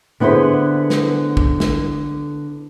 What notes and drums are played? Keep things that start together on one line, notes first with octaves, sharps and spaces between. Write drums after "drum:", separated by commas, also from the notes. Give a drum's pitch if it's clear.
D3 B3 E4 G#4 C5
drum: snare
drum: kick
drum: snare